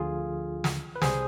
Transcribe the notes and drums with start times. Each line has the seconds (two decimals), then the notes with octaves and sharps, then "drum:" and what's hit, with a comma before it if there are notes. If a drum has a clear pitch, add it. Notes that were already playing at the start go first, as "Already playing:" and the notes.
Already playing: D2 D3 F3 F4 G#4
0.64 drum: snare
0.96 B4
1.02 C2 C3 G3 G#4 C5, drum: snare